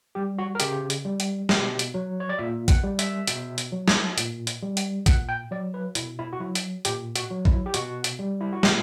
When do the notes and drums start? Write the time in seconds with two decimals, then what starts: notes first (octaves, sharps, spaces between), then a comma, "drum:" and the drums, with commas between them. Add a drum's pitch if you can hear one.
0.15 G3 G4
0.38 F#4
0.55 A#4
0.60 C#3 G4, drum: hi-hat
0.90 drum: hi-hat
1.05 G3
1.20 drum: hi-hat
1.49 B2 G4, drum: snare
1.79 drum: hi-hat
1.94 F#3
2.20 C#5
2.29 D5
2.39 A#2 E5
2.68 F#5, drum: kick A1, hi-hat
2.83 G3
2.99 E5, drum: hi-hat
3.27 B2, drum: hi-hat
3.58 drum: hi-hat
3.72 F#3
3.88 drum: snare
4.18 A#2, drum: hi-hat
4.47 drum: hi-hat
4.63 G3
4.77 drum: hi-hat
5.06 A#2 F#5, drum: kick A1, hi-hat
5.29 G5
5.51 F#3 D5
5.74 B4
5.95 B2 E4, drum: hi-hat
6.19 E4
6.33 F#4
6.40 F#3 E4
6.55 drum: hi-hat
6.85 A#2 G4, drum: hi-hat
7.16 F#4, drum: hi-hat
7.30 F#3
7.45 E4, drum: kick A1
7.66 G4
7.74 B2 F#4, drum: hi-hat
8.04 drum: hi-hat
8.19 G3
8.41 E4
8.53 F#4
8.63 A#2 G4, drum: snare